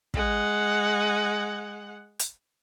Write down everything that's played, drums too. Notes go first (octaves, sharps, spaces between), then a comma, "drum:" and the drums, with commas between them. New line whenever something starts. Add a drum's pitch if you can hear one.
G#3 F#5, drum: kick
drum: hi-hat